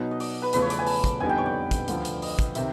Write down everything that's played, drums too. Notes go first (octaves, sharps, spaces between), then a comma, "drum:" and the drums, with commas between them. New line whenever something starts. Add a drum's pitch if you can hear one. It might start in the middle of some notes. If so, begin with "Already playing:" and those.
Already playing: B2 F#3 B3 D#4
D#5
D5, drum: open hi-hat
B4
E2 C#3 F3 A3 B4, drum: hi-hat
C#5
D5, drum: hi-hat
G#5
A5, drum: open hi-hat
drum: kick, hi-hat
F2 D3 G3 B3 D#4 G#5
G5
C#5
D5
drum: kick, hi-hat
D2 D3 F3, drum: hi-hat
drum: hi-hat
D#5, drum: open hi-hat
drum: kick, hi-hat
C3 D#3 E5, drum: hi-hat